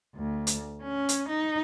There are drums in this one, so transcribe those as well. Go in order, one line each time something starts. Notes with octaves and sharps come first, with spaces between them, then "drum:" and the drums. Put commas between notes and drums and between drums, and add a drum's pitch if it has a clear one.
D2
drum: hi-hat
C#4
drum: hi-hat
D#4